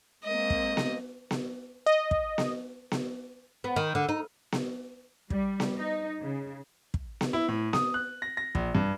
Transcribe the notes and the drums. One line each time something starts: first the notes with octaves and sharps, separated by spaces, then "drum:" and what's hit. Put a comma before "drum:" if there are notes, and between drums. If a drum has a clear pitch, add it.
G#3 A#3 C4 D#5
drum: kick
drum: snare B3
drum: snare B3
D#5
drum: kick
drum: snare B3
drum: snare B3
B3
D#3
D3
D#4
drum: snare B3
G3, drum: kick
drum: snare B3
D#4
C#3
drum: kick
drum: snare B3
E4
A2
D#6, drum: snare B3
F#6
A#6
A#6
A#1, drum: kick
G2